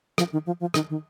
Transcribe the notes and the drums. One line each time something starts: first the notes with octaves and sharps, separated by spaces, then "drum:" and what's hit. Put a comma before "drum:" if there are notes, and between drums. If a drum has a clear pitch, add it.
F3, drum: rim click
D#3
F3
F3
D#3, drum: rim click
D#3